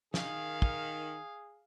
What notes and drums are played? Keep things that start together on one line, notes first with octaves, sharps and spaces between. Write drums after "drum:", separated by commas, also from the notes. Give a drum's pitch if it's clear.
D#3 G#4 F5, drum: snare
drum: kick